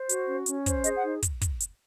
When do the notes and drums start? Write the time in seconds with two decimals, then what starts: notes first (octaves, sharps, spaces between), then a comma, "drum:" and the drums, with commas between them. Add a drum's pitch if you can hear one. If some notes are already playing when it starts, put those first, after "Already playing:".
Already playing: C5
0.09 F#4, drum: hi-hat
0.28 C#4
0.46 C#4, drum: hi-hat
0.66 C5, drum: kick, hi-hat
0.84 G#4 D#5, drum: hi-hat
0.97 F#5
1.04 D#4
1.22 drum: kick, hi-hat
1.41 drum: kick, hi-hat
1.60 drum: hi-hat